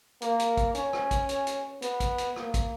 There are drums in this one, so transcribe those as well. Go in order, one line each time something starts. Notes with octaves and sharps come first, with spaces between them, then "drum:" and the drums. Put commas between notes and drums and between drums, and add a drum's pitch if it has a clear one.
A#3, drum: hi-hat
drum: hi-hat
drum: kick, hi-hat
C#4, drum: hi-hat
drum: rim click
drum: kick, hi-hat
drum: hi-hat
drum: hi-hat
B3, drum: hi-hat
drum: kick, hi-hat
drum: hi-hat
A#3, drum: rim click
drum: kick, hi-hat